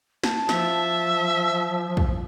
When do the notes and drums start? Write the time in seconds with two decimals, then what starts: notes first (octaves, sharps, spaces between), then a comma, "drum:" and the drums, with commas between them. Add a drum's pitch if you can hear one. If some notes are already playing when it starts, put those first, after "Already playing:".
0.24 A5, drum: snare
0.49 F3 E5, drum: snare
1.97 drum: kick